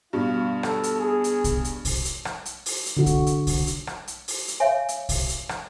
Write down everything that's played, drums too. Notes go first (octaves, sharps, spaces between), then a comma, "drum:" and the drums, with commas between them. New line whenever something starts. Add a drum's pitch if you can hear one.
G2 B2 F4
A4, drum: rim click
drum: hi-hat
G#4
drum: hi-hat
drum: kick, hi-hat
drum: hi-hat
drum: kick, open hi-hat
drum: hi-hat
drum: rim click
drum: hi-hat
drum: open hi-hat
drum: hi-hat
D3 F#4
drum: kick, hi-hat
drum: hi-hat
drum: kick, open hi-hat
drum: hi-hat
drum: rim click
drum: hi-hat
drum: open hi-hat
drum: hi-hat
C#5 E5 F5 G#5
drum: hi-hat
drum: kick, open hi-hat
drum: hi-hat
drum: rim click